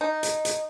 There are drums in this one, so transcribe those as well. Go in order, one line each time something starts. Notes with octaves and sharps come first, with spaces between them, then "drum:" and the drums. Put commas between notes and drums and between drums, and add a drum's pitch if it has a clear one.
D#4
drum: hi-hat
drum: hi-hat